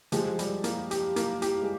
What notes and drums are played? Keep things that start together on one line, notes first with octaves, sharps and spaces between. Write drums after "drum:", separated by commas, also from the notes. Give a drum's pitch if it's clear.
F3 G#3 G4, drum: hi-hat
G3, drum: hi-hat
A#3, drum: hi-hat
G4, drum: hi-hat
A#3, drum: hi-hat
G4, drum: hi-hat
G#3